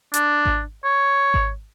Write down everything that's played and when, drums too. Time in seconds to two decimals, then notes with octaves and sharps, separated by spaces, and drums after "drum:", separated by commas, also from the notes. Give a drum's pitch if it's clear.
0.14 D4, drum: hi-hat
0.45 drum: kick G#1
0.84 C#5
1.34 drum: kick G#1